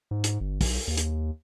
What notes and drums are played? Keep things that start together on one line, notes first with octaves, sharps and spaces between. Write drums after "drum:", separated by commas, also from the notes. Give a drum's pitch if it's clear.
G#2
drum: hi-hat
G1
B1, drum: kick, open hi-hat
D#2
drum: hi-hat